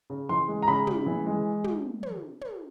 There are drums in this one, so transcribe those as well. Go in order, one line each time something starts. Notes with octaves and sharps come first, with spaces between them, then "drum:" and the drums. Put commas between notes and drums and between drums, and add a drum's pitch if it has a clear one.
C#3
E3 C6
G#3
A#5
C#3 B5
C#3, drum: tom
E3
G#3
drum: tom
drum: tom
drum: tom